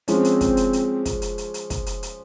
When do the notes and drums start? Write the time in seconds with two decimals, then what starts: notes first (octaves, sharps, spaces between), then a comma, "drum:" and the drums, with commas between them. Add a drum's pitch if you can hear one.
0.08 F3 G#3 C4 C#4, drum: hi-hat
0.25 drum: hi-hat
0.41 drum: kick, hi-hat
0.57 drum: hi-hat
0.73 drum: hi-hat
1.05 drum: kick, hi-hat
1.22 drum: hi-hat
1.38 drum: hi-hat
1.54 drum: hi-hat
1.70 drum: kick, hi-hat
1.86 drum: hi-hat
2.03 drum: hi-hat